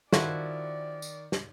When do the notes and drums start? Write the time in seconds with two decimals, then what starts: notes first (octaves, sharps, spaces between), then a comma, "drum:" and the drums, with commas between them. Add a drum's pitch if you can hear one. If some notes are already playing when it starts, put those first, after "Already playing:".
0.13 D#3 F3 E4 F#4 D5, drum: snare
1.02 drum: tambourine
1.32 drum: snare